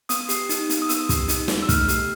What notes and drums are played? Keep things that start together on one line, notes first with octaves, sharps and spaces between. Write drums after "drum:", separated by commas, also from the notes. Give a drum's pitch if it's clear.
B3 D#6, drum: hi-hat
G4, drum: hi-hat
D#4, drum: hi-hat
B3, drum: hi-hat
D#6
B3 E6, drum: hi-hat
G4, drum: kick, hi-hat
D#4, drum: hi-hat
B3, drum: snare
E6
A3 F6, drum: kick, hi-hat
G4, drum: hi-hat